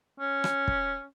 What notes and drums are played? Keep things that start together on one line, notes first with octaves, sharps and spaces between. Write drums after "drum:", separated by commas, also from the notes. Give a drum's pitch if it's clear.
C#4
drum: rim click
drum: kick